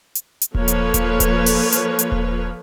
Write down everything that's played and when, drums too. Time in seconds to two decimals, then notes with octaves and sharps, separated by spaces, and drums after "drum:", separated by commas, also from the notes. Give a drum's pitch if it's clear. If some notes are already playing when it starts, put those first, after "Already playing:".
0.15 drum: hi-hat
0.41 drum: hi-hat
0.55 F3 A#3 A4 B4 C#5, drum: kick D#1
0.68 drum: hi-hat
0.94 drum: kick D#1, hi-hat
1.20 drum: kick D#1, hi-hat
1.46 drum: open hi-hat
1.72 drum: hi-hat
1.99 drum: hi-hat
2.12 drum: kick D#1